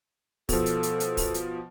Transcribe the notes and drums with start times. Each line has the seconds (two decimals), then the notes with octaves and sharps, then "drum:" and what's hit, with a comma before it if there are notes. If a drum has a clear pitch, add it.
0.49 B2 F3 A4, drum: kick, open hi-hat
0.66 drum: hi-hat
0.83 drum: hi-hat
1.00 drum: hi-hat
1.17 drum: kick, open hi-hat
1.34 drum: hi-hat